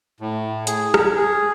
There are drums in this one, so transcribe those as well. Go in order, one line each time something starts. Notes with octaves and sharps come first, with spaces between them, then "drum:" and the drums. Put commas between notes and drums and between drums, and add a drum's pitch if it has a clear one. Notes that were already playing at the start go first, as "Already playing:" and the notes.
A2
G#4, drum: hi-hat
drum: rim click
G#4